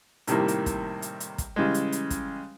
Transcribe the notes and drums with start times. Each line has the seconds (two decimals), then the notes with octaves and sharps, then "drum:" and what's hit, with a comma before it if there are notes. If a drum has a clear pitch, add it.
0.27 A2 C3 D#3 G3 A#3, drum: hi-hat
0.48 drum: hi-hat
0.66 drum: kick, hi-hat
1.02 drum: hi-hat
1.20 drum: hi-hat
1.38 drum: kick, hi-hat
1.56 C#3 E3 G3 G#3
1.74 drum: hi-hat
1.92 drum: hi-hat
2.10 drum: kick, hi-hat